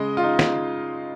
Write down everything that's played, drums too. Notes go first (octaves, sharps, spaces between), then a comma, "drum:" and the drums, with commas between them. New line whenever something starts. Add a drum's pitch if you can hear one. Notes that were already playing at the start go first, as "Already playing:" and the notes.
Already playing: C#3 G#3 D#5
F4
D#4
drum: snare